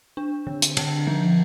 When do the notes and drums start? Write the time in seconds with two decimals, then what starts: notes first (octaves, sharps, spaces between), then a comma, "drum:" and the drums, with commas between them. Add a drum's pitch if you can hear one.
0.17 D4
0.47 D3
0.62 drum: hi-hat
0.77 D3, drum: cymbal
1.07 F3